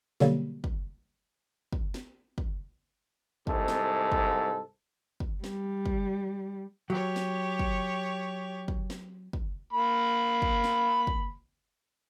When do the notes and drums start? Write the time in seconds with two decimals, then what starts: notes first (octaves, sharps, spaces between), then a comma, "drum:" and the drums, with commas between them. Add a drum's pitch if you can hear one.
0.20 B2 D3 F#3 G3 A#3, drum: snare
0.64 drum: kick
1.73 drum: kick
1.94 drum: snare
2.38 drum: kick
3.47 C2 G#2 A4, drum: kick
3.68 drum: snare
4.12 drum: kick
5.20 drum: kick
5.44 G3, drum: snare
5.86 drum: kick
6.90 F#3 G4 C#5
7.16 drum: snare
7.59 drum: kick
8.68 drum: kick
8.90 drum: snare
9.33 drum: kick
9.73 A#3 B5
10.42 drum: kick
10.64 drum: snare
11.07 drum: kick